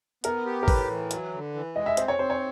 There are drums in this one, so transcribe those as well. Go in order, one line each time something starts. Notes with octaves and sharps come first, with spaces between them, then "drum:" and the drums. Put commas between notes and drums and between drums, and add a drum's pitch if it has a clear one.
B3 A#4, drum: hi-hat
G4
A#4
A2 B4, drum: kick G#1, open hi-hat
E3
F#3, drum: hi-hat
D3
E3
G#3 D#5
E5
C4 C5, drum: hi-hat
C#5
C4 C5
C#5